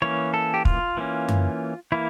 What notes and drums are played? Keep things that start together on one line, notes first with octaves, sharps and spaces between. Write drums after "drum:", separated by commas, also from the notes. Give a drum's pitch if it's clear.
E3 A#3 C#4 C#5
A4
G4
F4, drum: kick
E3 A#3 C#4
drum: tom F#2
E3 A#3 E4